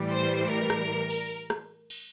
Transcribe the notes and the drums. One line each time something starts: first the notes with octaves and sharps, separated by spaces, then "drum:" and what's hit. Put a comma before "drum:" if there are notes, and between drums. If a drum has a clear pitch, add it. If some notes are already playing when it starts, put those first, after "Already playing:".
Already playing: A2 E3 G3
C5
A#4
drum: rim click
drum: cymbal
drum: rim click
drum: cymbal